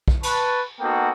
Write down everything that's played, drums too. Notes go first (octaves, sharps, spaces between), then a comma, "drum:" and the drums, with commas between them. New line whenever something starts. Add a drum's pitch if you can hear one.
drum: kick
B4 A5 C#6, drum: cymbal
A#3 B3 D#4 F#4 A4 G5